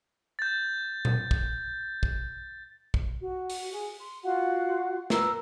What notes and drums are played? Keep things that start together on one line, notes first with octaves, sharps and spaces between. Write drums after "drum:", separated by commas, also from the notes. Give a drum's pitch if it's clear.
G6 A6
drum: tom A#2
drum: kick
drum: kick
drum: kick
F#4
drum: open hi-hat
G#4
C6
F4 F#4 F5 F#5
A#4 B4 A#5 E6, drum: snare